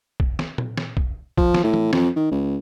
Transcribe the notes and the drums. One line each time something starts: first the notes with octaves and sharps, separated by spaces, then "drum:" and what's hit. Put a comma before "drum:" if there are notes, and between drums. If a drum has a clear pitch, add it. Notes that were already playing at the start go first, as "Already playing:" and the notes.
drum: kick B1
drum: snare
drum: tom A#2
drum: snare
drum: kick B1
F3, drum: kick B1
drum: snare
A2
drum: tom E3
F2, drum: snare
D#3
C#2